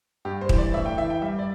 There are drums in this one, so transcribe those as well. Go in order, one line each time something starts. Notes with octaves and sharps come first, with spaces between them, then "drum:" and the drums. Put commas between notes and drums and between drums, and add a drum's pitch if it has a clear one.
G2 G4
C5
E3, drum: kick
D5
A2 E5
G5
E3 E5
G5
G3 E5
D5